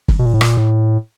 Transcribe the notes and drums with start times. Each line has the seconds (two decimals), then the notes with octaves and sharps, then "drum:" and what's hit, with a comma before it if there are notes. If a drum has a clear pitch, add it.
0.08 drum: kick
0.19 B2
0.26 A#2
0.34 A2
0.41 A#2, drum: rim click
0.57 A2